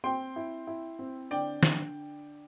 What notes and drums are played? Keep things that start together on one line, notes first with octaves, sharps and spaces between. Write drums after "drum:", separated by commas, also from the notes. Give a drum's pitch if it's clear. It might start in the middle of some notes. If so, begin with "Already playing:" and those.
C4 G5 C6
E4
E4
C4
D3 D5 G5
D3, drum: snare